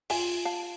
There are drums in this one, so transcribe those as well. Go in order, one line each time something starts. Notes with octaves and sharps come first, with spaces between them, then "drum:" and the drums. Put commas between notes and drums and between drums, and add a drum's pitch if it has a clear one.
F4 E5 G#5, drum: open hi-hat
F5 A5